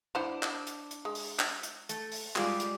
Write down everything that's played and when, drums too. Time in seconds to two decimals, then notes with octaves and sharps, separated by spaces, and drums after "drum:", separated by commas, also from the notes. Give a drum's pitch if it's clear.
0.15 D4 E4 C5 F#5 E7
0.43 drum: clap
0.67 drum: hi-hat
0.91 drum: hi-hat
1.05 G#3
1.15 drum: open hi-hat
1.39 drum: clap
1.63 drum: hi-hat
1.89 A3, drum: hi-hat
2.12 drum: open hi-hat
2.36 G3 G#3 F4 G4 G#4 D5 F5, drum: clap
2.60 drum: hi-hat